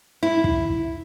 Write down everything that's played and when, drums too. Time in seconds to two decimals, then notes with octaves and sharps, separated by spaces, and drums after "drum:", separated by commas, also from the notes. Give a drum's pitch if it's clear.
0.23 E4
0.44 drum: kick